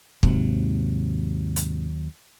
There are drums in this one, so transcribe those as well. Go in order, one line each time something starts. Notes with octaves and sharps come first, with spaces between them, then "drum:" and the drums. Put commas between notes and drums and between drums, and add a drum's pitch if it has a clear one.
D#2 G#2 C3 F#3, drum: kick
drum: hi-hat